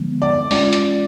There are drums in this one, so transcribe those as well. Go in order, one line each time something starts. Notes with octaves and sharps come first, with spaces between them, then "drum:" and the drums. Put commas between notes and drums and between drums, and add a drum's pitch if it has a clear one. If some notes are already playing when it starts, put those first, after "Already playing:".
Already playing: D3 F3 G#3 B3
D5
G#3 C#4 F4 D5, drum: open hi-hat
drum: hi-hat